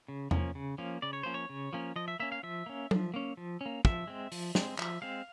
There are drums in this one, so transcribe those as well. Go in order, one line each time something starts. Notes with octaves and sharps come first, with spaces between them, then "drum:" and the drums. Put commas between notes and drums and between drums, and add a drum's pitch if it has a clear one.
C#3
F3 A#3 C#4, drum: tom E2
C#3
F3 A#3 C#4
C#3 D5
C#5
F3 A#3 C#4 C5
C#5
C#3
F3 A#3 C#4
F3 D#5
E5
A#3 C#4 E5
F5
F3 E5
A#3 C#4
F3, drum: tom F#3
A#3 C#4
F3
A#3 C#4
F3 E5, drum: kick
G#3 C4
F3, drum: open hi-hat
G#3 C4, drum: snare
F3 E5, drum: clap
G#3 C4 F5